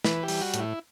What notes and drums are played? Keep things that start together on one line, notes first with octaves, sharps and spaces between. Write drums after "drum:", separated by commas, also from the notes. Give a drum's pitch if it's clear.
E3 B4, drum: snare
G4
G3, drum: open hi-hat
F#4
A2, drum: hi-hat
E4